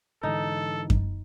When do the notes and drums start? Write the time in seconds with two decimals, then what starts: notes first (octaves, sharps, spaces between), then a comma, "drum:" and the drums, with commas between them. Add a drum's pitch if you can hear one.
0.23 G#2 D3 E3 D#4 A4
0.90 drum: kick F#2